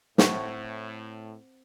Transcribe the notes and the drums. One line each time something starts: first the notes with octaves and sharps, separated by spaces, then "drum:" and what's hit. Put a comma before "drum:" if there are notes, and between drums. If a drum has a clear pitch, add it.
A2 C4 F#5 C#6, drum: snare